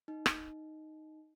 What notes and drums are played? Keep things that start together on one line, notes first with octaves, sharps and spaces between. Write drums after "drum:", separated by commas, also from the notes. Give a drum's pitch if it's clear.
D#4
drum: rim click